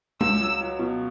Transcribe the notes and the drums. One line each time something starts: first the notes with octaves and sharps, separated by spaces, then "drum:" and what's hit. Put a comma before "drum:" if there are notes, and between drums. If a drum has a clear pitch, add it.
C#2 E6, drum: tom
F#3
F#3
B2